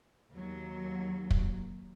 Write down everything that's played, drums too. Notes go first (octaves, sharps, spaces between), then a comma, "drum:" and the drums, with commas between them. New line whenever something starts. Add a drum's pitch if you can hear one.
D#2 F#3
drum: kick